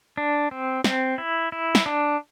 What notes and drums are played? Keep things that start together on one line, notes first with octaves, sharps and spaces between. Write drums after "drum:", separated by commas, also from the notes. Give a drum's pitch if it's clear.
D4
C4
C4, drum: snare
E4
E4
drum: snare
D4